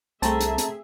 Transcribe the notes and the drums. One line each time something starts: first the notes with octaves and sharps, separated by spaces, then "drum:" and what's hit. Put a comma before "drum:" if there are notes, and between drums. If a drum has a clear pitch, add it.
C2 A3 C4 G#4 E5 A5 A#5, drum: hi-hat
drum: hi-hat
drum: hi-hat